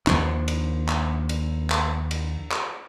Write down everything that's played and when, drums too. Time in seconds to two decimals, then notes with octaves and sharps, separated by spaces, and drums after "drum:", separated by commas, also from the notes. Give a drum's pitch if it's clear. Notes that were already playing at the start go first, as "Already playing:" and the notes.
0.07 D#2 F3 D4, drum: clap
0.48 drum: cymbal
0.89 drum: clap
1.29 drum: cymbal
1.70 drum: clap
2.11 drum: cymbal
2.52 drum: clap